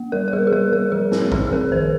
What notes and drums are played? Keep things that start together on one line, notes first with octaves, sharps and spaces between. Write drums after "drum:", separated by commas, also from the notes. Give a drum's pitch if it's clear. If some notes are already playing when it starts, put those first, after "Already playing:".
Already playing: A#3
G3 A#4
A#4
G3 G#4
G#4
G3 A#4
G3 A#4
F3 G#4
C4, drum: snare
C4 G#4, drum: kick A1
G#4
F3 A#4
D#3 C5